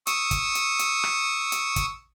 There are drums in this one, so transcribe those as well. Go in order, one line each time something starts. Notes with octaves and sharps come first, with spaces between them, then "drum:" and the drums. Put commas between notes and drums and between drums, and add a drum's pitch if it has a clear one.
C#6 D#6 E6, drum: hi-hat
drum: kick, hi-hat
drum: hi-hat
drum: hi-hat
drum: rim click
drum: hi-hat
drum: kick, hi-hat